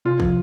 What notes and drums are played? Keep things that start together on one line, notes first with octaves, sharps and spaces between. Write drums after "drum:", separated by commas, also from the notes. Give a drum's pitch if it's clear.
C3 F4
F3, drum: kick